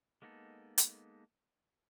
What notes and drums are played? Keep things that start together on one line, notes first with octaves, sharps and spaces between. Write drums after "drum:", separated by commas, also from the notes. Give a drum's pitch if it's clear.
G#3 A#3 B3 D#4 A4
drum: hi-hat